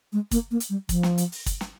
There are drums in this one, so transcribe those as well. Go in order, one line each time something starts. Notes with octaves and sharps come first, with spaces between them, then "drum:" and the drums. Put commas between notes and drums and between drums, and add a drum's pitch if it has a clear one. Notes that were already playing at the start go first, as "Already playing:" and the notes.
G#3
A#3, drum: kick, hi-hat
A#3
drum: hi-hat
G3
F3, drum: kick, hi-hat
drum: snare
drum: hi-hat
drum: open hi-hat
drum: kick, hi-hat
drum: snare